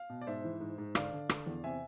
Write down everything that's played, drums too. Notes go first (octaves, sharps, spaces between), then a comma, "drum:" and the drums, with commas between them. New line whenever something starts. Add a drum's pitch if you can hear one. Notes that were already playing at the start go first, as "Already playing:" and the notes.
Already playing: F5
B2
D5
G#2 C5 E5
E3
G#2
G#2
D3 D5 F5, drum: rim click
D3
D3, drum: rim click
E2
C3 E5 G#5